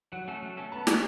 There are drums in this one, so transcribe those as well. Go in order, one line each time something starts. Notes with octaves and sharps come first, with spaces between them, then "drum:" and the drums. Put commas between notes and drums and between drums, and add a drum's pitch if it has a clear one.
F#3 F#5
A3 C#4 A4
F#3
A3 C#4 A4
B3 A5
F#4 C#5, drum: snare